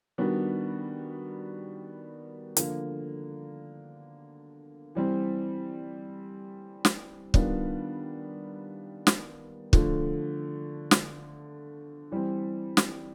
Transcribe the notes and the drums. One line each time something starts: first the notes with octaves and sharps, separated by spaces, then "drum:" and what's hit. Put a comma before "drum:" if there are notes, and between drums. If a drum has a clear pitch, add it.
D#3 G3 B3 D4 F#4
D3 F3 A#3, drum: hi-hat
E3 G3 C4
drum: snare
D#3 G3 B3 D4 F4, drum: kick
drum: snare
D3 F3 A3, drum: kick
drum: snare
E3 G3 C4
drum: snare